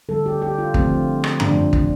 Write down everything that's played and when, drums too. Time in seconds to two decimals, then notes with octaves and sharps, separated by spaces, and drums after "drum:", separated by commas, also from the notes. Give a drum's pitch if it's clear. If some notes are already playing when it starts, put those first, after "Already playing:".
0.09 D3 G3 A4
0.26 G4
0.42 G4
0.59 F4
0.74 D3 F3 A3 C4, drum: kick
1.24 drum: rim click
1.40 D3 F3 A3 D4, drum: tom F#2
1.73 drum: kick